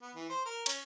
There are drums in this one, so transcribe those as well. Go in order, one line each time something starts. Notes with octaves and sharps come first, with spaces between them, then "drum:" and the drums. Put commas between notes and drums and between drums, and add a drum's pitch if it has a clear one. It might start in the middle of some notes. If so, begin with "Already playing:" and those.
B3
E3
C5
A#4
C#4, drum: cymbal